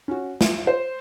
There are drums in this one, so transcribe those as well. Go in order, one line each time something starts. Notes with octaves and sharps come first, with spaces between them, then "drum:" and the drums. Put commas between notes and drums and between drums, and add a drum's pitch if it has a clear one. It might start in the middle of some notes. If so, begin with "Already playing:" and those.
C#4 F#4
F4 E5, drum: snare
C5